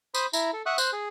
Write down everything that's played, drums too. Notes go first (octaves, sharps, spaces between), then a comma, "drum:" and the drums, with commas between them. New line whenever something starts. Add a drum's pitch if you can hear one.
C5 B5 D#6, drum: tambourine
E4 A#5, drum: tambourine
A4
E5 F#5 C#6 D#6 F#6
C5 F#6, drum: tambourine
G#4